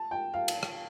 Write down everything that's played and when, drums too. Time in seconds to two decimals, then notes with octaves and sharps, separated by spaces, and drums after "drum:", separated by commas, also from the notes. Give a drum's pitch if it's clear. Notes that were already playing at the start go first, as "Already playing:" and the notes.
Already playing: A5
0.11 G5
0.34 F5
0.48 drum: cymbal
0.63 drum: rim click